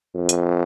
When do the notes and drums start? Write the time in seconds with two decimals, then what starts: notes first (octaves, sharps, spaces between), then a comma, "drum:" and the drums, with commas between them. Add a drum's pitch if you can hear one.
0.15 F2
0.29 drum: hi-hat